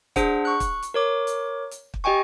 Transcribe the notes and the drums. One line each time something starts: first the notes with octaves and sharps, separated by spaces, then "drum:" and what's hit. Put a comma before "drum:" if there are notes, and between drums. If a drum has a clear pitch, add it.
D4 G#4 C5 F#5, drum: kick, hi-hat
C#6 F#6
drum: kick, hi-hat
drum: hi-hat
A#4 C#5 D6
drum: hi-hat
drum: hi-hat
drum: kick
G4 D#5 G5 G#5 C#6